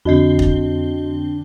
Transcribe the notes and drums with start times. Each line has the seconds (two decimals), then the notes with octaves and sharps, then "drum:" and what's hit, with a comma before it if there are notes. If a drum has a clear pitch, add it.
0.05 F2 D3 C4 D4 F#4 D#5 G7
0.39 drum: kick